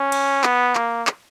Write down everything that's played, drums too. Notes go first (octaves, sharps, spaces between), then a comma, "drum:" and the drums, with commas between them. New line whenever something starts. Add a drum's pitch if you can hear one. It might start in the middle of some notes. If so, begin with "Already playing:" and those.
Already playing: C#4
drum: cymbal
B3, drum: clap
A#3, drum: clap
drum: clap